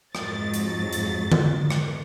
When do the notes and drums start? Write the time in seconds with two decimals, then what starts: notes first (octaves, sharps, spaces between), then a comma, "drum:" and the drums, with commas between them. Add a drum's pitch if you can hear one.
0.15 F2 G#2 F#3 A6, drum: rim click
0.54 drum: hi-hat
0.93 drum: hi-hat
1.32 drum: tom D3
1.71 drum: rim click